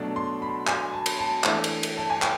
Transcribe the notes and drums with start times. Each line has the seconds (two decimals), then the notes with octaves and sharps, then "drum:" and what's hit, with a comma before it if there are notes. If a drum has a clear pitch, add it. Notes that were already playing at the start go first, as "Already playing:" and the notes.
Already playing: B2 F#3 A3 D4
0.16 C6
0.42 B5
0.67 G#5, drum: clap
0.94 A5
1.06 drum: cymbal
1.19 A5
1.44 E3 A3 D4 E5, drum: clap
1.64 drum: cymbal
1.83 drum: cymbal
1.97 A5
2.10 G#5
2.22 G5, drum: clap